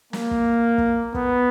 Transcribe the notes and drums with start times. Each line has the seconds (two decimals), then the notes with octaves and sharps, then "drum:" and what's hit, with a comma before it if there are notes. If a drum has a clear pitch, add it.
0.13 A#3, drum: snare
0.31 drum: kick
0.78 drum: kick
1.15 B3, drum: kick